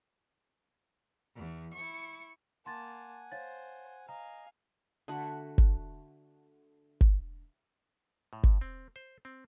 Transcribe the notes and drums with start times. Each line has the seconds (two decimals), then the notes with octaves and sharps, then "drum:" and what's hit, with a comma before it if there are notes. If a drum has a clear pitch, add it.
1.36 E2
1.74 E4 C#6
2.66 A#3 F#5 G#5 A5 C6 A6
3.32 C5 C#5 F5 A6
4.09 D#5 F5 G#5 A#5
5.08 D3 A3 F#4 B5
5.58 drum: kick G1
7.01 drum: kick G1
8.33 A2
8.44 drum: kick G1
8.61 C4
8.96 C5
9.25 C4